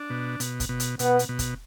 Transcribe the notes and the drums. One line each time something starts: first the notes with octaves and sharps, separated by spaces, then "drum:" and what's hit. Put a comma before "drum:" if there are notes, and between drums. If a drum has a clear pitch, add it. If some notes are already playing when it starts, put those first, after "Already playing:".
Already playing: D4
B2
B2, drum: hi-hat
drum: kick, hi-hat
B2
drum: hi-hat
B2 B3, drum: hi-hat
drum: hi-hat
B2
drum: kick, hi-hat